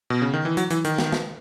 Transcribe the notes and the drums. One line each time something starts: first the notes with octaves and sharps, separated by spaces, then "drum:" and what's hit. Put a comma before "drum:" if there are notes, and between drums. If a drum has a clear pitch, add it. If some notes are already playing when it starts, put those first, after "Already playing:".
B2
C#3
D#3
E3
F#3, drum: hi-hat
E3, drum: hi-hat
D#3, drum: hi-hat
drum: snare
drum: snare